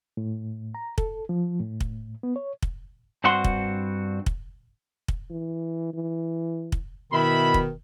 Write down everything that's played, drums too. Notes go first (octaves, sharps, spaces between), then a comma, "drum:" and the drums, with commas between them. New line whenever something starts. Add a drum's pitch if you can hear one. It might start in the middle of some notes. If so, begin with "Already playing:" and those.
A2
A#5
A4, drum: kick
F3
A2
drum: kick
B3
C#5
drum: kick
G2 C4 F#4 F#5 C6
drum: kick
drum: kick
drum: kick
E3
E3
drum: kick
B2 D#3 E4 B5
drum: kick